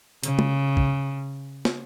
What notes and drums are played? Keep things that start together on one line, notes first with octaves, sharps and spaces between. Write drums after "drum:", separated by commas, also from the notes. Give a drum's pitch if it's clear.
C#3, drum: hi-hat
drum: tom
drum: kick
drum: snare